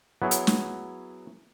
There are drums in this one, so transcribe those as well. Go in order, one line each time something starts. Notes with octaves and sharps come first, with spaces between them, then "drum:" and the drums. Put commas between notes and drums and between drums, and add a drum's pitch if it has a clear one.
F#3 B3 E4 G#4 C#5
drum: hi-hat
drum: snare